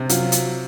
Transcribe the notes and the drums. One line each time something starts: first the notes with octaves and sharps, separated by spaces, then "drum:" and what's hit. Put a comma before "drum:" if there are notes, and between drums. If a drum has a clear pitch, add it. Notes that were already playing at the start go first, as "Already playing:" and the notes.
Already playing: C3
F#3 F4, drum: hi-hat
drum: hi-hat